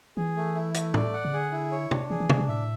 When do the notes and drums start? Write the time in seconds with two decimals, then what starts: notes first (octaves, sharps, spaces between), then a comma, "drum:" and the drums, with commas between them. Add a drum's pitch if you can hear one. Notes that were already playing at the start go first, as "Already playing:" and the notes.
0.17 E3 G#4
0.37 A3
0.55 E4
0.74 A3, drum: hi-hat
0.94 D5, drum: tom A2
1.13 F#5
1.25 C#3
1.33 D3 G#4
1.52 E4
1.72 C#5
1.91 D4, drum: tom
2.10 E3 G#4
2.20 E3
2.29 D3 D4, drum: tom
2.39 C#3
2.49 A2 E5